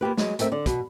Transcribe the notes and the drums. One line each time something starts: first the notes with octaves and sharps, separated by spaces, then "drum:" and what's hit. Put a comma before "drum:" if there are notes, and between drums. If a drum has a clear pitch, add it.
A#3 F4 G4 B4
F#3 G#3, drum: snare
A3 C4 A#4 E5, drum: hi-hat
D3 D5
B2, drum: kick, hi-hat